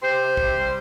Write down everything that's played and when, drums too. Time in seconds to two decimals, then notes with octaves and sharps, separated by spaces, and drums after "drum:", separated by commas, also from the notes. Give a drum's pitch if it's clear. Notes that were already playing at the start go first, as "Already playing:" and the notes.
0.02 C3 G4 C5
0.20 C3
0.37 C3, drum: kick
0.56 G3